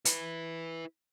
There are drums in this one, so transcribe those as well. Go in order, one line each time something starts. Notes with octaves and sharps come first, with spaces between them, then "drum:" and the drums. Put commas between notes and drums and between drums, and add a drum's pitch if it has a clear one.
E4 B4, drum: hi-hat